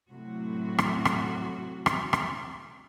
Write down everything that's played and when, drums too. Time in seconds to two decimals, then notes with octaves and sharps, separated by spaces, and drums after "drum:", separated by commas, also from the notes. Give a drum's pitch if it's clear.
0.11 A2 C3 F#3 F#4
0.78 drum: rim click
1.05 drum: rim click
1.86 drum: rim click
2.13 drum: rim click